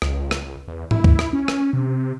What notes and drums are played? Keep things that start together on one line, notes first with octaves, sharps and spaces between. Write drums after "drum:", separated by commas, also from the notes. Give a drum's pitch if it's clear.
C#2, drum: rim click
drum: rim click
E2
E4, drum: tom G#2
drum: kick C#2
drum: rim click
C#4
drum: rim click
C3